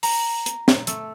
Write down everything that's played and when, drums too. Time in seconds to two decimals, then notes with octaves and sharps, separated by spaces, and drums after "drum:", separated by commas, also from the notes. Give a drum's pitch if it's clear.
0.03 A#5, drum: open hi-hat
0.46 drum: hi-hat
0.68 drum: snare
0.87 A3, drum: hi-hat